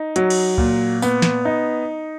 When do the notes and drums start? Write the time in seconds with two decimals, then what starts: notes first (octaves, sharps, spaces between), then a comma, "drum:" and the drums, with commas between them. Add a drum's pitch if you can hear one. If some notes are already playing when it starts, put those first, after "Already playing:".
Already playing: D#4
0.16 F#3, drum: hi-hat
0.30 drum: cymbal
0.58 A#2, drum: kick C#2
1.02 B3, drum: tambourine
1.22 drum: snare
1.45 D#4